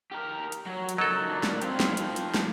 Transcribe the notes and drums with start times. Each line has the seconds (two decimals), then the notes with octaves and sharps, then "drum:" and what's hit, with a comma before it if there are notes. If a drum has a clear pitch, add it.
0.11 G4 A#4
0.52 drum: hi-hat
0.66 F#3
0.89 drum: hi-hat
0.98 C#2 F#3 D#4 A4 A#4
1.30 A#3 D4
1.43 drum: snare
1.62 C4 G4 F5, drum: hi-hat
1.80 drum: snare
1.97 F3, drum: hi-hat
2.16 drum: hi-hat
2.34 drum: snare